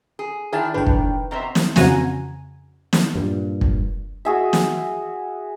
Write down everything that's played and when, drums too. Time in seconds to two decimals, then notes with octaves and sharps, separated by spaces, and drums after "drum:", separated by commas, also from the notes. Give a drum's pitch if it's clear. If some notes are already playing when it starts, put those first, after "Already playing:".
0.19 G#4
0.53 D#3 D4 E4 G#4 G#5 A5
0.74 A#1 A2 D#3 D4 B4 G5
0.87 drum: kick
1.31 B2 C4 C5 E5 A#5
1.55 drum: snare
1.76 F2 C#3 F#4 G#5 A#5, drum: snare
2.93 drum: snare
3.16 G2 A#2
3.61 drum: kick
4.25 F#4 G#4 E5
4.53 drum: snare